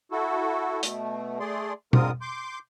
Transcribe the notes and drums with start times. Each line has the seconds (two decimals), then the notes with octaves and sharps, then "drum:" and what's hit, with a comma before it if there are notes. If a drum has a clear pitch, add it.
0.11 E4 F#4 A4
0.83 B2 A3, drum: hi-hat
1.40 A3 G#4 D5 C6
1.93 G#2 D3 C4 F4 A#4 D#6, drum: tom B2
2.21 C6 D6 G6